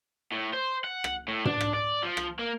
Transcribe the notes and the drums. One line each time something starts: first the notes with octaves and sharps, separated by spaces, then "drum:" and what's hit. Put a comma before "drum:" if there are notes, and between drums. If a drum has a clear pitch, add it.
A2
C5
F#5
drum: rim click
A2
D4, drum: tom
drum: rim click
D5
F3
drum: rim click
A#3